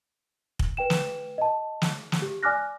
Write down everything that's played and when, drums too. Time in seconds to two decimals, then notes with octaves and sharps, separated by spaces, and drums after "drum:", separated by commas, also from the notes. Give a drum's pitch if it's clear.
0.59 drum: kick
0.77 B4 G5 E7
0.90 drum: snare
1.38 D#5 A5
1.82 drum: snare
2.12 drum: snare
2.22 G4
2.43 D5 G#5 D6 F6 F#6 A#6